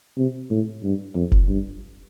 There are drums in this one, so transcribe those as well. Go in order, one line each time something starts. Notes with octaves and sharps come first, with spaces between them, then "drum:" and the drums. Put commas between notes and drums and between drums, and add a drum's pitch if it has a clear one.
C3
A2
G2
F2
drum: kick F1
G2